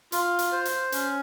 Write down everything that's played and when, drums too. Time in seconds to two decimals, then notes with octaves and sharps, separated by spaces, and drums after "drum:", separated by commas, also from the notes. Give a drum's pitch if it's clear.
0.12 F4, drum: hi-hat
0.39 drum: hi-hat
0.52 C5
0.65 drum: hi-hat
0.92 C#4, drum: hi-hat